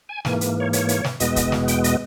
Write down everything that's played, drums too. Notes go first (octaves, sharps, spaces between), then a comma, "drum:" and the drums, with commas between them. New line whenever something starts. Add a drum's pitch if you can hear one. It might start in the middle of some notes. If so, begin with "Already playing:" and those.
G#5
G#2 E3 A#3 G#5, drum: snare
drum: hi-hat
C#5
C#5, drum: hi-hat
drum: hi-hat
drum: snare
E2 B2 G#3 B3 D#5, drum: hi-hat
drum: kick C#1, hi-hat
drum: snare
G5, drum: hi-hat
D#5, drum: hi-hat